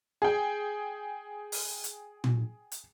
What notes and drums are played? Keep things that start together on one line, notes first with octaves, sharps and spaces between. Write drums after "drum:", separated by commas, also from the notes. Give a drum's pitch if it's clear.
G#4 G5
drum: open hi-hat
drum: hi-hat
drum: tom A#2
drum: hi-hat